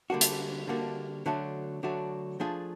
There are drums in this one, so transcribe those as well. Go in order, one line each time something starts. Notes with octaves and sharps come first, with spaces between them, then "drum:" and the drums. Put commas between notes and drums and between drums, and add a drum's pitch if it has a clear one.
D3 G3 A#3 D4 F#4
drum: hi-hat
D3 G3 A#3 D4 F#4
D3 F#3 A3 D4 F#4
D3 F#3 A3 D4 F#4
F3 A3 D4 F4 G#4